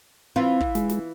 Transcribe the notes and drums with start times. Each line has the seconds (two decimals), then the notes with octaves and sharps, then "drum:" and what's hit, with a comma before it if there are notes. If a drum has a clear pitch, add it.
0.36 E3 C4 F4
0.60 drum: kick
0.75 G#3, drum: snare
0.89 drum: snare